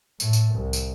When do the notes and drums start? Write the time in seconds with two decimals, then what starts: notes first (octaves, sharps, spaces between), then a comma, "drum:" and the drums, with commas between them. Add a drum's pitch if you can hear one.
0.20 A2, drum: tambourine
0.33 drum: tambourine
0.54 C2
0.73 drum: tambourine